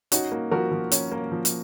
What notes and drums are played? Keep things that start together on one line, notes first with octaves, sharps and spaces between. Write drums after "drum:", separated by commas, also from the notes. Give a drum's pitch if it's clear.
C#4 D#4 F#4, drum: hi-hat
A#3
F3 F#4 A#4
F3
C#4, drum: hi-hat
A#3
F3
drum: hi-hat